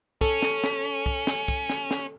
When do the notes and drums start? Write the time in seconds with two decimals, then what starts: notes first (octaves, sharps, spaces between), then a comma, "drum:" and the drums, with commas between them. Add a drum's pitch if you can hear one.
0.21 C#4 A4, drum: kick, hi-hat
0.42 drum: snare
0.64 drum: snare
0.85 drum: hi-hat
1.06 drum: kick, hi-hat
1.27 drum: snare
1.48 drum: kick, hi-hat
1.70 drum: snare
1.91 drum: snare